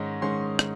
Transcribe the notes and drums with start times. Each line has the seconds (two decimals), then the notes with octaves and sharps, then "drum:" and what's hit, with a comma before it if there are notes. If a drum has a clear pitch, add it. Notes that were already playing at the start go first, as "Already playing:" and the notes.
Already playing: G#2 D#3 G#3 C#4 D#5
0.22 G#2 D#3 G#3 C#4 C6
0.59 drum: rim click